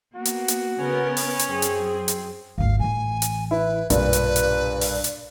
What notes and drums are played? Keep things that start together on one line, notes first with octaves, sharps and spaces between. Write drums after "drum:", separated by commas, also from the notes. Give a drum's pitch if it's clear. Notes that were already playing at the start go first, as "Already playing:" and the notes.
A#3 B3 F#4
drum: hi-hat
drum: hi-hat
C#3 B3 C#4 A#4
drum: open hi-hat
drum: hi-hat
F#2 C4 G#4
drum: hi-hat
drum: hi-hat
G#1 D2 F5
A1 E3 G#5
drum: hi-hat
E4 B4
B1 G2 A#2 B4, drum: hi-hat
drum: hi-hat
drum: hi-hat
drum: open hi-hat
drum: hi-hat